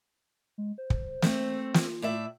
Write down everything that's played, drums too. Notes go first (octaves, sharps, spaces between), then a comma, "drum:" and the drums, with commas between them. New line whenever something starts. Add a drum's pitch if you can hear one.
G#3
C5
drum: kick
A3 C4, drum: snare
F4, drum: snare
A2 D5 E5